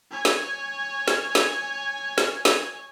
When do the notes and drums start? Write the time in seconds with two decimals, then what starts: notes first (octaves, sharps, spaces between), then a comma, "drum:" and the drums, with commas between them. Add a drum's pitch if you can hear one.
0.11 C#5 G#5
0.25 drum: snare
1.08 drum: snare
1.35 drum: snare
2.18 drum: snare
2.45 drum: snare